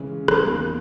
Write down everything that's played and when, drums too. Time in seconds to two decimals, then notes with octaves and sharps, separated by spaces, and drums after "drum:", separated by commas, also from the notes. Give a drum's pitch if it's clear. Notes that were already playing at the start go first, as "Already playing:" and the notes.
Already playing: C#3 E3 G#3 C#4
0.28 drum: rim click
0.43 E2 D#3 A#3